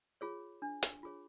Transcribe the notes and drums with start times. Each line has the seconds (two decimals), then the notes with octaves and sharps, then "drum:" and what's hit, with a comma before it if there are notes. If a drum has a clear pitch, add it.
0.21 F4 G#4 C#5
0.62 D4
0.83 drum: hi-hat
1.03 F4 G#4 C#5